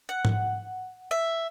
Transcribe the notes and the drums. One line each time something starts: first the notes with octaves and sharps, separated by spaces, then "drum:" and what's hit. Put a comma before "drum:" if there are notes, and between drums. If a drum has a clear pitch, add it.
F#5
drum: tom G#2
E5